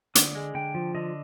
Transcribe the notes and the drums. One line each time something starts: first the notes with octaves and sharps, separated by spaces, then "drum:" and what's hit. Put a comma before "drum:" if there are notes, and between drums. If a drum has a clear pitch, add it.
D3 D#6, drum: hi-hat
G#3
D3 G5
F3
D3 D#5